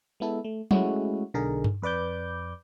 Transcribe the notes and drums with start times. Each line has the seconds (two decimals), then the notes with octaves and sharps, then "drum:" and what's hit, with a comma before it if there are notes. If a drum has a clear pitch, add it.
0.20 G#3 B3 E4 A4
0.44 A3
0.71 G#3 A3 C#4 E4 F#4, drum: tom F#3
1.34 B1 D3 D#4 G#4 A#4
1.64 drum: tom G2
1.82 F2 B4 D5 D6 G6